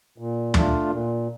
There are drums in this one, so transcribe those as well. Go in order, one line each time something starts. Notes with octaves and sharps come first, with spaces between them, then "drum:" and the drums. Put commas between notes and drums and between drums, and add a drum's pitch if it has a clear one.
A#2
A3 D4 F4, drum: tom
A#2